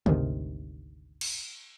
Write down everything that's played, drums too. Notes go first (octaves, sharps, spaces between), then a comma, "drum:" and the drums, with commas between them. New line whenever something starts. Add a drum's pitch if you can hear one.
G#1 D2 C3 D#3, drum: tom
drum: cymbal